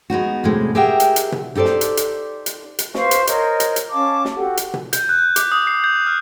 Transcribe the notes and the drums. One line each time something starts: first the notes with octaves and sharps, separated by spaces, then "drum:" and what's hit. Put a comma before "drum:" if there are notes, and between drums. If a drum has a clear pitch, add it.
G#3 B3 D#4 F#4
E2 A2 C3 G#3
G4 G#4 A#4 E5 F#5 G5
drum: hi-hat
drum: hi-hat
drum: tom B2
D#4 G4 A4 C5 D5
drum: snare
drum: hi-hat
drum: hi-hat
drum: hi-hat
drum: hi-hat
B4 C5 F5 C#6, drum: snare
drum: hi-hat
A#4 C5 C#5 D#5, drum: hi-hat
drum: hi-hat
drum: hi-hat
C#4 F5 A5 D6
drum: snare
F#4 G4 A4 F#5
drum: hi-hat
drum: tom B2
G6, drum: hi-hat
F#6
D6, drum: hi-hat
D#6
C7
G6
F6